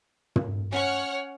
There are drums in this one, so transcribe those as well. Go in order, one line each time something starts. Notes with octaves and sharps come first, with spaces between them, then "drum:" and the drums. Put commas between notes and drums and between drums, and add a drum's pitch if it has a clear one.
drum: tom
C#4 C#5 F#5 C#6 F6